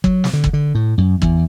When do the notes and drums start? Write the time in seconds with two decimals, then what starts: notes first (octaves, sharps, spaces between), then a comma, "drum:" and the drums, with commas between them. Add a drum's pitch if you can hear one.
0.04 F#3, drum: kick
0.24 drum: snare
0.33 D3
0.44 drum: kick
0.53 D3
0.75 A2
0.98 F#2
1.22 E2, drum: kick